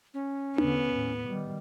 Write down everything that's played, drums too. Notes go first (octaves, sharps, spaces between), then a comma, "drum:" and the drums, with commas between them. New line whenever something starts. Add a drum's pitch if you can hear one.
C#4
E2 D3 B3, drum: tom D4
D#2 A2
D#3 G3